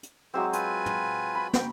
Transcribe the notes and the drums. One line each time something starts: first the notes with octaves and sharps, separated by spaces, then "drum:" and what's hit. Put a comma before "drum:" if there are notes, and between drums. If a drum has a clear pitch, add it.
drum: hi-hat
F#3 G#3 C4 E4 G4 C5
F4 B4 G#5, drum: hi-hat
drum: tom
B5
G5, drum: snare